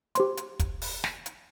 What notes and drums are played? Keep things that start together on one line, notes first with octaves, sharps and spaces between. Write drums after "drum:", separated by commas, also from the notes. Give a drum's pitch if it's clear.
G4 C5 C6, drum: hi-hat
drum: hi-hat
drum: kick, hi-hat
drum: open hi-hat
drum: snare
drum: hi-hat